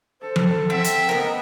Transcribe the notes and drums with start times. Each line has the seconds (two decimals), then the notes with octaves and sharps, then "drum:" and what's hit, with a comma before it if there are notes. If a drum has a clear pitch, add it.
0.22 A4 C5
0.36 drum: tom F3
0.70 C4 E5 F#5
0.84 drum: hi-hat
1.09 B3 A#4 C5 D#5